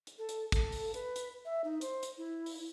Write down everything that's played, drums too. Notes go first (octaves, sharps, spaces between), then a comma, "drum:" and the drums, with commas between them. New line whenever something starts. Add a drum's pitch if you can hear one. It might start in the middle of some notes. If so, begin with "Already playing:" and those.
drum: hi-hat
A4
drum: hi-hat
A4, drum: kick, hi-hat
drum: open hi-hat
B4, drum: hi-hat
drum: hi-hat
E5
D#4
C5, drum: hi-hat
drum: hi-hat
E4
drum: open hi-hat